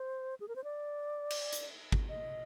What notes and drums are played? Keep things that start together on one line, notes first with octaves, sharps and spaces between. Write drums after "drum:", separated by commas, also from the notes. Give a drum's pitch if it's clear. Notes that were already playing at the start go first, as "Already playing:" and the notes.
Already playing: C5
G#4
A#4
C5
D5
drum: cymbal
drum: hi-hat
drum: kick G#1
D#5